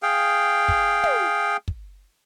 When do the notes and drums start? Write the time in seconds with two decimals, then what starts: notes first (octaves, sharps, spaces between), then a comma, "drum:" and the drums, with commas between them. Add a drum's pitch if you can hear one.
0.03 G#4 F5 G5
0.68 drum: kick
1.04 drum: tom
1.68 drum: kick